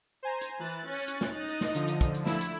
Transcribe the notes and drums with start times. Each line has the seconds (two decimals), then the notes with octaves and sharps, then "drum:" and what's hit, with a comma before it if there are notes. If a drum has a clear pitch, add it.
0.23 C5 G#5 A#5
0.41 drum: hi-hat
0.60 E3 F#6 A6
0.89 C#4
1.08 drum: hi-hat
1.21 drum: snare
1.31 D#4 D#5
1.48 drum: hi-hat
1.61 drum: snare
1.74 D3 F3, drum: hi-hat
1.88 drum: hi-hat
2.01 drum: kick, hi-hat
2.14 drum: hi-hat
2.26 A3 E4, drum: snare
2.41 drum: hi-hat